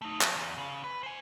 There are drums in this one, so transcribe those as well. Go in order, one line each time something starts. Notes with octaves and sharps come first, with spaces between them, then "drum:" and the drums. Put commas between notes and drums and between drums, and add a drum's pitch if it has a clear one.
A3 D#4
F3, drum: clap
E2
C#3
B4
C5 G#5